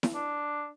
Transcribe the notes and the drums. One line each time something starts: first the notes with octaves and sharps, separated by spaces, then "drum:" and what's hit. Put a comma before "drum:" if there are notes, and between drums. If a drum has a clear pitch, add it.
drum: snare E4
D4